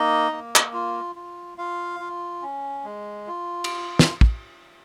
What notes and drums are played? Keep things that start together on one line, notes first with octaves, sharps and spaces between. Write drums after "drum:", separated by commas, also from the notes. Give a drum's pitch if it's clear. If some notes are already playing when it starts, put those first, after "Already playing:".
Already playing: A#3 D#4 D#5
A#3
drum: clap
F4
F4
F4 F5
F4
C#4
G#3
F4
drum: cymbal
drum: snare
drum: kick